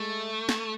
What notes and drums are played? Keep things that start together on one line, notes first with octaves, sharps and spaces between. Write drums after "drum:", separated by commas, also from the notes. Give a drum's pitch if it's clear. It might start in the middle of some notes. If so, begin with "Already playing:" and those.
Already playing: G#3 A3
drum: snare